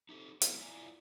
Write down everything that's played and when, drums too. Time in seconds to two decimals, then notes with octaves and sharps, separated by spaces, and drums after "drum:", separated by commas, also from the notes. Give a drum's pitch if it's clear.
0.09 D#4 G4 A4
0.42 G#3 A3 B3 C4 D#4 E4, drum: hi-hat
0.59 E4 F4 B4 D5 G#5 A#5